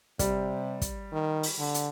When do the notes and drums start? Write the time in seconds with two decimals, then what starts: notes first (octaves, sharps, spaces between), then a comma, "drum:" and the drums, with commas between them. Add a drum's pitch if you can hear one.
0.19 C3 G3, drum: kick, hi-hat
0.82 drum: kick, hi-hat
1.12 D#3
1.43 drum: open hi-hat
1.59 D3
1.74 drum: hi-hat